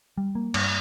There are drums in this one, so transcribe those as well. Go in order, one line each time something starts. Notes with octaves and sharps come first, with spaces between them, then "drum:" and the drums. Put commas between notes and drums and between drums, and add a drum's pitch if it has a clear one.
G3
A#3
G2, drum: cymbal